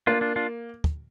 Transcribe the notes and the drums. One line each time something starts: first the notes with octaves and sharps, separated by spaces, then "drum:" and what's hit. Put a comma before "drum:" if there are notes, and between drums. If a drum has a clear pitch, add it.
A#3 D4 F4
D4 F4
D4 F4
drum: kick